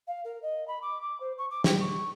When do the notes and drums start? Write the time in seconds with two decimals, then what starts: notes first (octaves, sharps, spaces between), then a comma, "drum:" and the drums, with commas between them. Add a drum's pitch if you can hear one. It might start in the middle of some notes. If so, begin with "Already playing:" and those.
0.07 F5
0.25 A#4
0.42 D#5
0.68 B5
0.82 D6
1.02 D6
1.20 C5
1.38 C#6
1.51 D6
1.64 G5, drum: snare
1.80 C#6